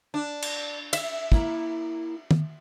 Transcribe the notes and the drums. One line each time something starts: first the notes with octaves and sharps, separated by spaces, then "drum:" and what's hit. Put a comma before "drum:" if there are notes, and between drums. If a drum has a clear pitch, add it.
D4
drum: cymbal
E5, drum: cymbal
A#3 E4 A#5, drum: kick
drum: tom